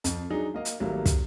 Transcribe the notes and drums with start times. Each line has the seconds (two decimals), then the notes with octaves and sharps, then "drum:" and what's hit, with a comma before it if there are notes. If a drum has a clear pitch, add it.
0.04 F2, drum: hi-hat
0.30 F#3 D4 D#4 G#4
0.54 A#3 D#5 F5
0.65 drum: hi-hat
0.80 G#1 F#3 G3 A3 A#3
1.06 drum: kick, hi-hat